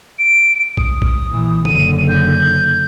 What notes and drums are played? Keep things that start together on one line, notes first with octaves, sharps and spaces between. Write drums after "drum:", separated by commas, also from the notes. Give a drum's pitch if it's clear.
D7
D#6, drum: kick A#1
drum: kick A#1
A#2 E3
F#1 D3 D#7, drum: tom
G6